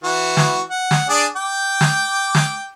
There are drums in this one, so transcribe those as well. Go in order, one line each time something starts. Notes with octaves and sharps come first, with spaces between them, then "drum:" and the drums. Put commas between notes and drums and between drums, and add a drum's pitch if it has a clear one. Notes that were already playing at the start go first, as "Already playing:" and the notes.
E3 F#4
drum: snare
F#5
drum: snare
D4 G#4 D5
G5 D6
drum: snare
drum: snare